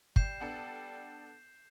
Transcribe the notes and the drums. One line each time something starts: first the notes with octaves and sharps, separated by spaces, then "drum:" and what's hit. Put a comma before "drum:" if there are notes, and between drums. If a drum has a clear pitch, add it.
G3 G6 C7 E7, drum: kick
B3 D4 A4